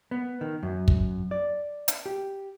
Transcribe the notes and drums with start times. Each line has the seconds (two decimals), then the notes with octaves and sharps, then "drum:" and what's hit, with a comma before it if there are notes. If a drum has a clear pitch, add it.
0.11 B3
0.41 D#3
0.63 F#2
0.88 drum: kick
1.31 D5
1.88 drum: hi-hat
2.06 G4